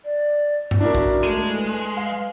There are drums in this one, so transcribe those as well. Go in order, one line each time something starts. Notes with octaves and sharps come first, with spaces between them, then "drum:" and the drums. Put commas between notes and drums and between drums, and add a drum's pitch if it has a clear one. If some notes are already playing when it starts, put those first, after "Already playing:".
D5
drum: tom G2
D4 E4 F#4 A#4
drum: kick
G#3 A3 D#7
B4
F5